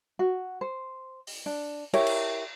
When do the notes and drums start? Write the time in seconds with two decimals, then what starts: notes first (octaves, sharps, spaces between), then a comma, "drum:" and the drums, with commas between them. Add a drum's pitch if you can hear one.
0.19 F#4
0.61 C5
1.27 drum: open hi-hat
1.46 D4
1.93 E4 G4 A#4 C#5, drum: cymbal
2.06 drum: cymbal